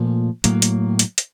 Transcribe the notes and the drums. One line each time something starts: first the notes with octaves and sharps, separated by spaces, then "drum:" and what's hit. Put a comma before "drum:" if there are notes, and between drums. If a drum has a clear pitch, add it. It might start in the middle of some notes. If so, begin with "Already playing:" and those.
Already playing: A#2 F3 A3
A2 F#3 A#3, drum: hi-hat
drum: hi-hat
drum: hi-hat
drum: hi-hat